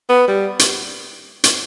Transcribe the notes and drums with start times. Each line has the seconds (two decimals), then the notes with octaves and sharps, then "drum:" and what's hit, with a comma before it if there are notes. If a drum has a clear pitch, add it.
0.09 B3
0.28 G3
0.59 drum: hi-hat
1.44 drum: hi-hat